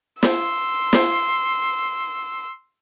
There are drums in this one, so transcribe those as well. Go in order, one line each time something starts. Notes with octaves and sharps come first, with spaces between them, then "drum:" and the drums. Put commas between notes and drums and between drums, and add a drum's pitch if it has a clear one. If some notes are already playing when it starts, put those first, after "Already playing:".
C6 E6, drum: snare
drum: snare